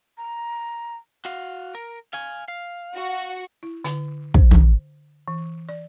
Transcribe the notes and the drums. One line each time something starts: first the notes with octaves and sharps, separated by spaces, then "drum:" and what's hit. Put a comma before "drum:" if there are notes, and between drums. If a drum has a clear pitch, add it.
A#5
F#4 F5
A#4
F5 G#5
F5
F#4
E4
D3, drum: hi-hat
C5, drum: kick
drum: tom
E3
D5